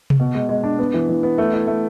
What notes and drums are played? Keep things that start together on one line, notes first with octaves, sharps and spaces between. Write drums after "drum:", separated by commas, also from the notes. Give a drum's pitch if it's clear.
drum: tom C3
B2
G#3
G#3
D4
B3
E3
E3
B3
A3
E4
A3